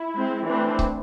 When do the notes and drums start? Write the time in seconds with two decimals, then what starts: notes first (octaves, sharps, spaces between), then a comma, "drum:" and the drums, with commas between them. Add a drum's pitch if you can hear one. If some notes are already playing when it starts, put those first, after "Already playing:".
Already playing: E4
0.15 G#3 C4
0.46 E3 A3 C4 D4
0.79 drum: kick C#1